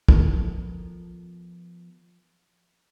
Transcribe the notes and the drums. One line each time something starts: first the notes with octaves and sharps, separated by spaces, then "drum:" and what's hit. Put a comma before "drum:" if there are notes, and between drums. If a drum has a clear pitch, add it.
F3 B3 A4 A#4, drum: kick